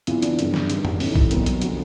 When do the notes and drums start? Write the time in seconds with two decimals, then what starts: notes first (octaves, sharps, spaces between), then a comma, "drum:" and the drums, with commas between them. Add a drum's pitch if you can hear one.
0.07 E2 C3 E3 F4, drum: hi-hat
0.22 D4, drum: hi-hat
0.39 G1 F#2 C#3, drum: hi-hat
0.54 drum: snare
0.70 G#1 G2 D#3, drum: hi-hat
0.85 drum: tom
1.00 B1 A2 E3 C#4, drum: open hi-hat
1.16 drum: kick
1.31 C2 B2 F#3, drum: hi-hat
1.46 drum: hi-hat
1.61 D3 F3 F#4, drum: hi-hat